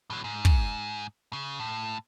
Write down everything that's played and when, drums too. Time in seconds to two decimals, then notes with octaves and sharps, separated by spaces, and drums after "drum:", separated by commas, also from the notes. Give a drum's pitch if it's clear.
0.10 A2 F#3
0.24 G#2
0.45 drum: kick
1.33 C#3
1.60 A2